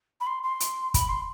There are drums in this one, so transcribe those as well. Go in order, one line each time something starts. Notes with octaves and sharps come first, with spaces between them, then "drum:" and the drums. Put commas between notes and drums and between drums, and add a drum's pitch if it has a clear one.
B5
C6
C6
drum: hi-hat
B5, drum: kick, hi-hat
C6